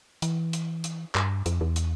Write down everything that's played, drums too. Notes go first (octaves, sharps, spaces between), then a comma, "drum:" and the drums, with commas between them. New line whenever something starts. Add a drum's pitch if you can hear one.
E3, drum: hi-hat
drum: hi-hat
drum: hi-hat
G2, drum: clap
F2, drum: hi-hat
E2
drum: hi-hat